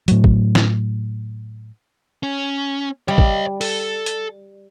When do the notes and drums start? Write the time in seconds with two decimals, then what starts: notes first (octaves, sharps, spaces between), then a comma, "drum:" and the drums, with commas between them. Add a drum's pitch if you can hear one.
0.08 A2 F#3, drum: hi-hat
0.24 drum: kick
0.55 drum: snare
2.23 C#4
3.08 G3 C#5 D#5
3.18 drum: kick
3.61 A4, drum: open hi-hat
4.06 drum: hi-hat